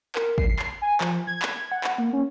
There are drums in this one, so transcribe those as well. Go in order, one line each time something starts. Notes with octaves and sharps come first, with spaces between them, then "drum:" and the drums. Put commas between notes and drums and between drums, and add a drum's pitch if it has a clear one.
A#4, drum: clap
C7, drum: kick
drum: clap
G#5
F3, drum: clap
G#6
drum: clap
F#5
drum: clap
A#3
C#4